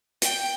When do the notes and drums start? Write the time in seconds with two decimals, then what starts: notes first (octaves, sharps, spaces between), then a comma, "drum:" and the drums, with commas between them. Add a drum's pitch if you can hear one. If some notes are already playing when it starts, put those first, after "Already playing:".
0.22 G5, drum: hi-hat